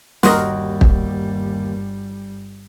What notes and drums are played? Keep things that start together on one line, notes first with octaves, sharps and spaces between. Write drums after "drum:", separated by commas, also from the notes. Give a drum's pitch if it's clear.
G1 D#2 G3 F#4 A#4 D#5 C6, drum: snare
drum: kick